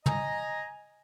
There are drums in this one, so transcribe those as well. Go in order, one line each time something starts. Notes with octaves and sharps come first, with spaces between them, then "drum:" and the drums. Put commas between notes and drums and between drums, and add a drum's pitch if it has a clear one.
D#5 G#5 A#5, drum: tom